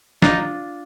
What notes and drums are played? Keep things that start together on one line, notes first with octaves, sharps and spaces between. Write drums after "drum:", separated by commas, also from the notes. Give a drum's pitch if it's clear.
D4 D#4 F4, drum: snare